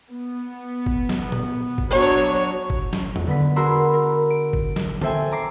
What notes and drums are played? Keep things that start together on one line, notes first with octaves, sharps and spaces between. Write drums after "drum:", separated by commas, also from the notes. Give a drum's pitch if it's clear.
B3
drum: kick G1
drum: snare
drum: tom A#2
drum: kick G1
F#3 B3 D4 C#5
drum: kick G1
drum: snare
drum: tom E2
D3 B3 B6
F#4 G#4 A#4 B5 C6 E6
A#4
D7
drum: kick G1
drum: snare
A4 C5 E5 G5 G#5, drum: tom D3
A#5 D6 C7